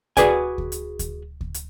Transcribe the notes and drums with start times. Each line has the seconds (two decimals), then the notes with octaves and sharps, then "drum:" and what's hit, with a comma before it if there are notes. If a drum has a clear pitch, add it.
0.17 F#4 G#4 B4 D5 G#5, drum: kick D2, hi-hat
0.58 drum: kick D2
0.72 drum: hi-hat
0.99 drum: kick D2, hi-hat
1.41 drum: kick D2
1.54 drum: hi-hat